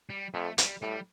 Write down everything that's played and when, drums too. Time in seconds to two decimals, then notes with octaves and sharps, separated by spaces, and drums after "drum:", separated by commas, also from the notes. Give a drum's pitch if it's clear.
0.10 G3
0.34 F2 A3
0.58 G3, drum: hi-hat
0.81 A2 G3